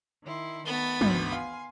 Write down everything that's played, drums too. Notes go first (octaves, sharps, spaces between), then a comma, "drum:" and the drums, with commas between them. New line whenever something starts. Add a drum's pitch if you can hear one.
D#3 E4 C6
D#3 A3 B3 B5 A6
G#1 D2, drum: tom
F5 G#5 C6